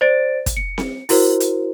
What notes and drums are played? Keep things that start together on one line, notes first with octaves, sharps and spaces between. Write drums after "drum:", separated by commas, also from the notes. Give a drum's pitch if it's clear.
C5 D5 A6 D7
drum: kick, hi-hat
C#7
drum: snare C4
E4 F#4 A#4 C5, drum: open hi-hat
drum: hi-hat